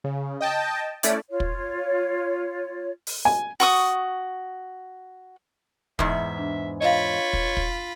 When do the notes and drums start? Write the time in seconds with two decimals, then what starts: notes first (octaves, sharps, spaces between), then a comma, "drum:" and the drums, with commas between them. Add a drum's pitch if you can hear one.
0.04 C#3
0.41 D#5 G5 A5
1.03 A3 C#4 E4 D5, drum: hi-hat
1.30 F4 C#5
1.40 drum: kick
3.07 drum: open hi-hat
3.25 G#5
3.60 F#4 C#6 D#6, drum: open hi-hat
5.99 E2 G#2 E5, drum: kick
6.38 D4
6.81 F4 C#5 D#5 F5 B5
7.33 drum: kick
7.57 drum: kick